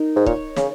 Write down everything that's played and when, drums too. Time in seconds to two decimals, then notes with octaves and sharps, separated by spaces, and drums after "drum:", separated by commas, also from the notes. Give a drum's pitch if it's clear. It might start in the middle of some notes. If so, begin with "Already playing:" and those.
Already playing: D#4 A#4
0.16 G#2
0.26 A#2 C#5, drum: kick
0.57 C#3, drum: snare